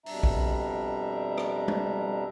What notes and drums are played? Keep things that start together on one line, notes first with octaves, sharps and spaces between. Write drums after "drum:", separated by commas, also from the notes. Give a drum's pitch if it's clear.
F2 B2 G3 D4 E5 A#5, drum: open hi-hat
drum: kick A#1
drum: rim click
drum: tom G3